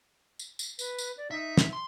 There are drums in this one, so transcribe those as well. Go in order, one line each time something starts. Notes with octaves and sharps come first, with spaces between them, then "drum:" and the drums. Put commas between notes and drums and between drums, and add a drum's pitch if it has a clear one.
drum: tambourine
drum: tambourine
B4, drum: tambourine
drum: tambourine
D5
D#4 E5
drum: snare
C6